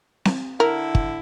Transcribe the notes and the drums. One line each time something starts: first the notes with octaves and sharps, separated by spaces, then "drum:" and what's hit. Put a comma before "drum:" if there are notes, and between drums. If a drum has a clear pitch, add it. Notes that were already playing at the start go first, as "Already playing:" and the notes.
drum: snare C4
D3 E4 A#4
drum: kick